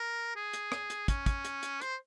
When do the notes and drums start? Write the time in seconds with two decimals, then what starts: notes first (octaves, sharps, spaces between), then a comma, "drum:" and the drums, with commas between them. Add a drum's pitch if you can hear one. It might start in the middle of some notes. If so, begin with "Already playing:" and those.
Already playing: A#4
0.36 G#4
0.53 drum: hi-hat
0.72 drum: rim click
0.90 drum: hi-hat
1.08 C#4, drum: kick, hi-hat
1.26 drum: kick, hi-hat
1.45 drum: hi-hat
1.63 drum: hi-hat
1.81 C5, drum: hi-hat